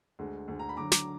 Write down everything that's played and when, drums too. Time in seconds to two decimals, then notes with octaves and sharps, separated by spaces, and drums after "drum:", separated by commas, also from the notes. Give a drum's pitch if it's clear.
0.19 D2 D3 G#3
0.48 D2 D3 G#3
0.59 A#5
0.69 B5
0.77 D2 D3 F#3 A#5 D6
0.92 A#5 D6, drum: snare